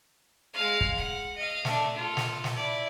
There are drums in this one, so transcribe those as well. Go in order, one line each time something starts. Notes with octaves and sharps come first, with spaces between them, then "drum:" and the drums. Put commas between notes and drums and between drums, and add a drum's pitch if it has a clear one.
G#3 F5
drum: kick
F#5
D#5 F5
A3 D4, drum: snare
F4 A4
drum: snare
drum: snare
E4 D5